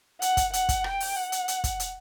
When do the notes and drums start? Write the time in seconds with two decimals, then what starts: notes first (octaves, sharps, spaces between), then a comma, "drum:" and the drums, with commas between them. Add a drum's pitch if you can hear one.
0.22 F#5, drum: hi-hat
0.37 drum: kick, hi-hat
0.53 F#5, drum: hi-hat
0.69 drum: kick, hi-hat
0.84 G5, drum: rim click
1.00 drum: open hi-hat
1.16 F#5
1.32 drum: hi-hat
1.48 drum: hi-hat
1.64 drum: kick, hi-hat
1.80 drum: hi-hat